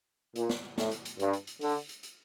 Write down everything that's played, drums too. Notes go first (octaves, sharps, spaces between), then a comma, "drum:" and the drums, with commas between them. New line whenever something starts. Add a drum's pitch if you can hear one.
A#2, drum: hi-hat
drum: snare
A2, drum: snare
drum: hi-hat
drum: hi-hat
G2, drum: hi-hat
drum: hi-hat
drum: hi-hat
D3, drum: open hi-hat
drum: hi-hat
drum: hi-hat